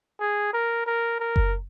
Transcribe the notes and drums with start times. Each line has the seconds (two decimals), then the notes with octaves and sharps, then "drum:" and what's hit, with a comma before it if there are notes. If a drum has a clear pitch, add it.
0.20 G#4
0.53 A#4
0.87 A#4
1.20 A#4
1.36 drum: kick F#1